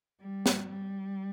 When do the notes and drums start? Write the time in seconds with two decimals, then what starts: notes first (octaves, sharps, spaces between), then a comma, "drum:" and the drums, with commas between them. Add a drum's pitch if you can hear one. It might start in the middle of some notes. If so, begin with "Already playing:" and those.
0.21 G3
0.46 drum: snare
0.70 G3